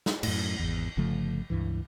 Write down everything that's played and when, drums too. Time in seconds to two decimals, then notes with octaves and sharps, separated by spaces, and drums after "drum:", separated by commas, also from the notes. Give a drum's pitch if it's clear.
0.06 drum: snare
0.23 F#2 A2, drum: cymbal
0.60 G#1 E2
0.97 G1 C#3 F3 A3
1.50 C#2 G2 E3